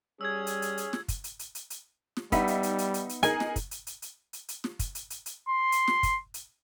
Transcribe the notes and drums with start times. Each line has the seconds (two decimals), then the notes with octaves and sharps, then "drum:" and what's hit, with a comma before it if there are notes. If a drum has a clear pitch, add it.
0.21 G3 C#4 G#4 E6 G#6
0.47 drum: hi-hat
0.62 drum: hi-hat
0.78 drum: hi-hat
0.93 drum: snare
1.08 drum: kick, hi-hat
1.24 drum: hi-hat
1.39 drum: hi-hat
1.55 drum: hi-hat
1.70 drum: hi-hat
2.17 drum: snare
2.32 G3 B3 D#4 E5 B6, drum: kick, hi-hat
2.48 drum: hi-hat
2.63 drum: hi-hat
2.78 drum: hi-hat
2.94 drum: hi-hat
3.09 drum: hi-hat
3.23 D#4 G#4 A#4 G#5, drum: hi-hat
3.40 drum: snare
3.56 drum: kick, hi-hat
3.71 drum: hi-hat
3.87 drum: hi-hat
4.02 drum: hi-hat
4.33 drum: hi-hat
4.48 drum: hi-hat
4.64 drum: snare
4.79 drum: kick, hi-hat
4.95 drum: hi-hat
5.10 drum: hi-hat
5.26 drum: hi-hat
5.49 C6
5.72 drum: hi-hat
5.88 drum: snare
6.03 drum: kick, hi-hat
6.34 drum: hi-hat